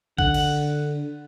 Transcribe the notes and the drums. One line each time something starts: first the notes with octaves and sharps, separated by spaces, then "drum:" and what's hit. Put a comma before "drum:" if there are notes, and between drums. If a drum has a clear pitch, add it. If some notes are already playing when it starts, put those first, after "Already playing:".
D3 F#5, drum: kick
drum: cymbal